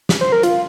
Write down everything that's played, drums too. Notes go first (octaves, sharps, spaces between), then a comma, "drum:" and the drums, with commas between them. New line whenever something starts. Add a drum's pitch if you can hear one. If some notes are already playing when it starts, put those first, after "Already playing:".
drum: snare
C5
A#4
F4, drum: hi-hat